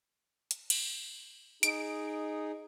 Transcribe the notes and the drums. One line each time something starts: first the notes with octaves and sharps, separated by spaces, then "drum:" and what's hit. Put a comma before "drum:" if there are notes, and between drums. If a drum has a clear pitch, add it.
drum: hi-hat
drum: cymbal
D#4 G#4 D7, drum: hi-hat